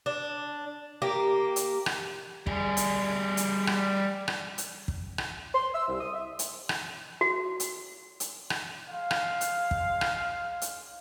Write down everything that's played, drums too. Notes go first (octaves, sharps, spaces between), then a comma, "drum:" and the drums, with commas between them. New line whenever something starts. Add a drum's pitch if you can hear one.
D4
A#3 G4
drum: hi-hat
drum: rim click
G3 G#4, drum: kick
drum: hi-hat
drum: hi-hat
drum: rim click
drum: rim click
drum: hi-hat
drum: kick
drum: rim click
C6
E6
C2
D#6
E5
drum: hi-hat
drum: rim click
F#4
drum: hi-hat
drum: hi-hat
drum: rim click
G#3 F5
drum: rim click
drum: hi-hat
drum: kick
drum: rim click
drum: hi-hat